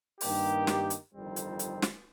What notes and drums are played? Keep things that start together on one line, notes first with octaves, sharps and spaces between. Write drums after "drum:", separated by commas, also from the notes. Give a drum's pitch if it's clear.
G2 D#3 A#3 D#4 G4, drum: open hi-hat
drum: snare
drum: hi-hat
G1 F2 D#3 G3 C4
drum: hi-hat
drum: hi-hat
drum: snare